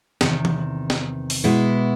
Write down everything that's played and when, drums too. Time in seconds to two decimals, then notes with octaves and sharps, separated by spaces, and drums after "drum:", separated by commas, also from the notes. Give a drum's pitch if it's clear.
0.21 E2 C3 D#3, drum: snare
0.45 drum: tom E3
0.90 drum: snare
1.30 drum: open hi-hat
1.44 B2 G#3 B3 E4